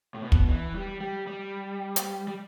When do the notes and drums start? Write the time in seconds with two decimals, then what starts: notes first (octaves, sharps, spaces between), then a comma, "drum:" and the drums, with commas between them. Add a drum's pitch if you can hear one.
0.14 A2
0.22 B2
0.32 drum: kick
0.49 E3
0.75 G3
1.01 G3
1.27 G3
1.96 drum: hi-hat
2.28 G3